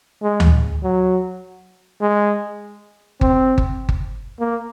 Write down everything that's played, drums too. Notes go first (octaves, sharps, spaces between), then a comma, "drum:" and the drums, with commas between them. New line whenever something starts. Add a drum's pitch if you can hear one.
G#3
drum: tom D2
F#3
G#3
C4, drum: kick G1
drum: kick G1
drum: kick G1
A#3